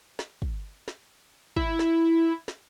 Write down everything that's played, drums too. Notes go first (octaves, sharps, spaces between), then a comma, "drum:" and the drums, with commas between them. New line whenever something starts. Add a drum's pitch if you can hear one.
drum: snare
drum: kick
drum: snare
E4, drum: kick
drum: snare
drum: snare